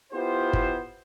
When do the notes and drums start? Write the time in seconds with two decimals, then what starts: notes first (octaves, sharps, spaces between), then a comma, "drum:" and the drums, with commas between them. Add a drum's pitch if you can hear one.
0.12 B3 E4 F4 G4 C5
0.53 drum: kick G1